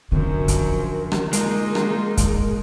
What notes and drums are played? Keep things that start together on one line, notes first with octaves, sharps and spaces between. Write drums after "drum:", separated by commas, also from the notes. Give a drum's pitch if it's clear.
F#2 D3 F3 A#4
drum: kick, hi-hat
drum: rim click
G#3 A#3 D#4 F4, drum: hi-hat
drum: rim click
drum: kick, hi-hat